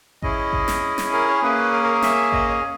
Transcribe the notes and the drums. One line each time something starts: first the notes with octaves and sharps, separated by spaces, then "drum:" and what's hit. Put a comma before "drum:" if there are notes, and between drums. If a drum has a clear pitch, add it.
C#4 E4 G#4 D#5, drum: kick G#1
drum: kick G#1
drum: snare
drum: snare
A#4
C#5
A#3 C#4 G#4 B4
A#4
A#4
A#4
E5, drum: snare
D#5, drum: kick G#1
C#5